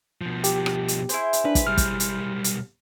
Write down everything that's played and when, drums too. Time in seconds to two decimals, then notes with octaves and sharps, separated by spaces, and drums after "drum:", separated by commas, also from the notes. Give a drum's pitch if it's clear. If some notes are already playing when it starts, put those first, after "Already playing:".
0.21 B2 F3
0.44 G4, drum: hi-hat
0.66 drum: rim click
0.88 drum: hi-hat
1.09 E4 G#4 C5, drum: hi-hat
1.33 drum: hi-hat
1.45 D4 B4
1.55 drum: kick, hi-hat
1.67 B1 G3 F6
1.77 drum: kick, hi-hat
2.00 drum: hi-hat
2.44 drum: hi-hat